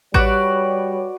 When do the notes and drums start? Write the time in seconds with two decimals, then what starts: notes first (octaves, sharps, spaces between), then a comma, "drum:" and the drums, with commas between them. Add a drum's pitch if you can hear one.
0.14 G3 F#4 B4 C#5 D5, drum: kick A1